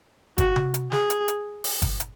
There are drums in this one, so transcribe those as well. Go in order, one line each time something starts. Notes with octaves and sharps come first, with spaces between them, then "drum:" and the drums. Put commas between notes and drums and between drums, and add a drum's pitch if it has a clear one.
F#4, drum: kick G1, hi-hat
drum: tom C3
drum: hi-hat
G#4, drum: snare
drum: hi-hat
drum: hi-hat
drum: open hi-hat
drum: kick G1, hi-hat
drum: hi-hat